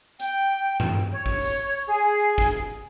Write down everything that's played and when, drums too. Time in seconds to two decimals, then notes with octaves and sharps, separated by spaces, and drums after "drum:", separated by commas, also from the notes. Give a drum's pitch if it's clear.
0.20 G5, drum: hi-hat
0.80 drum: tom G2
1.13 C#5
1.26 drum: kick
1.41 drum: open hi-hat
1.86 G#4
2.38 drum: kick